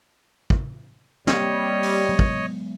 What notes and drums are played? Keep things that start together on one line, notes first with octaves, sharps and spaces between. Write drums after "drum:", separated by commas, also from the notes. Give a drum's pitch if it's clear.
drum: kick
G3 A#3 C4 C#5 D#5, drum: snare
drum: open hi-hat
F#3 G#3 B3
drum: kick